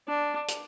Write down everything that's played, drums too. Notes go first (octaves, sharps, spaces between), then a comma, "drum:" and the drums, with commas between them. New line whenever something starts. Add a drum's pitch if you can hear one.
D4
drum: hi-hat